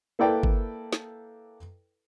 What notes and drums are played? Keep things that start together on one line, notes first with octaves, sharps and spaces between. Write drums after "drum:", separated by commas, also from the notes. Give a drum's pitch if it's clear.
A#3 E4 A4 B4 D5 G5
drum: kick G1
drum: snare